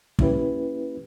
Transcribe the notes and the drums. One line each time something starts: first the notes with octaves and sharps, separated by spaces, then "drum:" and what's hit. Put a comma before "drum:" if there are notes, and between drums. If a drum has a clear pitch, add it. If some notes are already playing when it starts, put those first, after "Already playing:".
A#3 C#4 E4 G4 B4, drum: kick